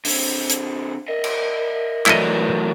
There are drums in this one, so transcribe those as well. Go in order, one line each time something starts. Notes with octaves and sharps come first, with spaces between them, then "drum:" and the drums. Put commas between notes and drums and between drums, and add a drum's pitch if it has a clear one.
D3 C4, drum: open hi-hat
drum: hi-hat
A#4 D#5 E5
drum: cymbal
E3 F#3 A3 E4 A4 B4 D5 D#5, drum: clap